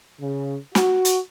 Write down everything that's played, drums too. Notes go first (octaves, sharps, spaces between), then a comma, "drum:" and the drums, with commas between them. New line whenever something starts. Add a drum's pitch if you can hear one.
C#3
F#4, drum: snare
drum: hi-hat